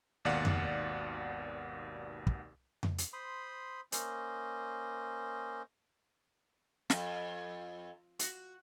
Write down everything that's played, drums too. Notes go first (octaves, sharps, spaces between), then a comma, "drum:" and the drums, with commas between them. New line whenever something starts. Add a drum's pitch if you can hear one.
G#1 D#2 B2 D5 F5 F#5
drum: tom F2
drum: kick
drum: tom F2
drum: hi-hat
C5 B5 C6 D#6
A#3 C#4 C5 D#5, drum: hi-hat
F2, drum: snare
F#4, drum: hi-hat